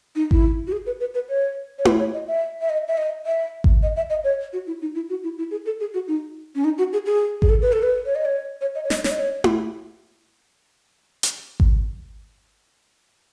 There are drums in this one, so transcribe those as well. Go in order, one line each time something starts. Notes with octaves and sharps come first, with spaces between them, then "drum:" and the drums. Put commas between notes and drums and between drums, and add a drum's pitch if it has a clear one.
D#4
E4, drum: kick G#1
F#4
G#4
B4
B4
B4
C#5
C#5
B4, drum: tom E4
C#5
D#5
E5
E5
D#5
E5
D#5
E5
drum: kick G#1
D#5
E5
D#5
C#5
F#4
E4
D#4
E4
F#4
E4
E4
G#4
A4
G#4
F#4
D#4
C#4
D#4
F#4
G#4
G#4
G#4, drum: kick G#1
A4
B4
A4
B4
C#5
D#5
C#5
C#5
D#5
C#5
D#5, drum: snare
C#5, drum: snare
D#5
C#5
drum: tom E4
drum: hi-hat
drum: kick G#1